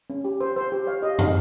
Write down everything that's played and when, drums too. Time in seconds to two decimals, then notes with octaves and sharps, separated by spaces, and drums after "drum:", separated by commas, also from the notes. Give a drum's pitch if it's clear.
0.10 C#4
0.24 G4
0.41 C5
0.56 C5
0.72 G4
0.87 C#5 F5
1.02 G4 D#5
1.19 D#4 F5, drum: tom